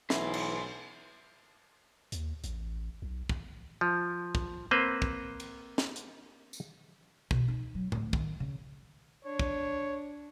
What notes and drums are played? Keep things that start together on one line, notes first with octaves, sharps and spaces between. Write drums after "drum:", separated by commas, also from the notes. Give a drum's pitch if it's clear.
B1 E3 C5 E5 G#5 B5, drum: snare
drum: cymbal
D#2, drum: hi-hat
A1, drum: hi-hat
B1
drum: kick
F3
drum: kick
A#3 C4 B4 C5
drum: kick
drum: cymbal
drum: snare
drum: hi-hat
drum: tambourine
B2, drum: kick
D#4
F#3
D2, drum: tom A2
D#3, drum: kick
C#3
D4 C#5
drum: kick